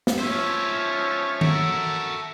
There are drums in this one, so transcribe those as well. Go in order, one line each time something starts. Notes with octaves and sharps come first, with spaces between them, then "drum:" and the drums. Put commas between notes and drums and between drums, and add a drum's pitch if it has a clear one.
drum: snare
F3 C#4 C5 C#5 E5
F#4 A4 A#4 E5 A5, drum: tom D#3